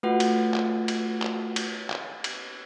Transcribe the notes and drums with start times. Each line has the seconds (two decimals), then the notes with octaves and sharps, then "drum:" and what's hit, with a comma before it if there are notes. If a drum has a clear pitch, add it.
0.03 A3 F4 F#4 B4 F#5
0.20 drum: cymbal
0.54 drum: clap
0.88 drum: cymbal
1.22 drum: clap
1.56 drum: cymbal
1.90 drum: clap
2.24 drum: cymbal